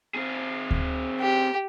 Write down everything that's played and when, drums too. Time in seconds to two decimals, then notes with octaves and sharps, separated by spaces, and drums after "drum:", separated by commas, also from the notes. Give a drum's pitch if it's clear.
0.15 C4 G#4
0.71 drum: kick D2
1.20 G4